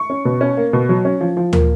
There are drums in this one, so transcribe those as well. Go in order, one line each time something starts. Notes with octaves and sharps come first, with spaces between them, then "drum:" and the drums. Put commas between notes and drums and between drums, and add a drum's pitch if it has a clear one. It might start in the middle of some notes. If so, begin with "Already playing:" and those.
Already playing: C#6
C#4
B2
C#4
A#3
B2
F#3
C#4
F3
F3
A#3, drum: tom D2